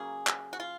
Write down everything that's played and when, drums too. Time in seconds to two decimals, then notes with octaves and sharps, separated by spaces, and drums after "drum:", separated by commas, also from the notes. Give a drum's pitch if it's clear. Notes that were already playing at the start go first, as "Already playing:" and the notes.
Already playing: C#3 F#3 A#3 C#4 G#4
0.27 drum: clap
0.53 F#4
0.60 F4